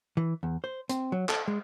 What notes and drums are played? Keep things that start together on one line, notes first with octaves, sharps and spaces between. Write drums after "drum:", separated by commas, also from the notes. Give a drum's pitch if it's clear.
E3
E2
C5
C4, drum: hi-hat
F#3
A4, drum: clap
G#3